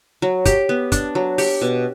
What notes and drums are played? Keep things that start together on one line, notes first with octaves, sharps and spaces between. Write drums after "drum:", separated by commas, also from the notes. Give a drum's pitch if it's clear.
F#3
G4, drum: kick, hi-hat
B3
D4, drum: kick, hi-hat
F#3
G4, drum: open hi-hat
B2